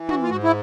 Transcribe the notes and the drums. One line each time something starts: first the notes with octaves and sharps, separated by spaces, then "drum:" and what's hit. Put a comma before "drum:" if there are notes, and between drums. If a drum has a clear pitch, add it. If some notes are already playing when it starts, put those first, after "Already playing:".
Already playing: E3
F#4, drum: tom
F4
G#2 F#4
E4